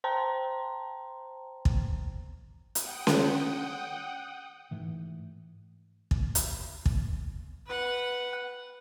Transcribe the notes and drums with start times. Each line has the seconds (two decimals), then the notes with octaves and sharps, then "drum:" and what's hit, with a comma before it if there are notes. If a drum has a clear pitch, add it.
0.04 C5 G5 A5 A#5 C6
1.65 drum: kick
2.75 F#5 G5 D#6, drum: hi-hat
3.07 drum: snare C#4
4.71 G#2 E3 A3
6.11 drum: kick
6.35 drum: hi-hat
6.86 drum: kick
7.66 B4 F#5